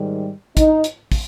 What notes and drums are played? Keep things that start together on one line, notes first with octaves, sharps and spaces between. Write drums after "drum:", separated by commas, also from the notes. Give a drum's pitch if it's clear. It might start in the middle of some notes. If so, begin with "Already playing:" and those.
Already playing: G#2 D#3 G3
D#4, drum: kick, hi-hat
drum: hi-hat
drum: kick, open hi-hat